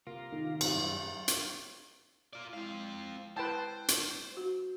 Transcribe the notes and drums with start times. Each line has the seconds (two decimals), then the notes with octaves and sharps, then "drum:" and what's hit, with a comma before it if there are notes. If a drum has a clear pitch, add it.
0.07 C3 A#3 F4 A#4
0.32 D#3
0.61 G2 C3 A3 D#4, drum: cymbal
0.76 F#2 G3
1.28 drum: hi-hat
2.33 F4 D5
2.53 G#3 C4 E4 F5
3.37 E4 B4 C5 G5 A5
3.88 drum: hi-hat
4.37 F#4